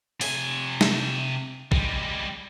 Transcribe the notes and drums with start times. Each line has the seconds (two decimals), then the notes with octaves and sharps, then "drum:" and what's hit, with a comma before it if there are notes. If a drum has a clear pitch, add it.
0.21 C3 G#5, drum: open hi-hat
0.81 drum: snare
1.72 G3 G#3, drum: kick A1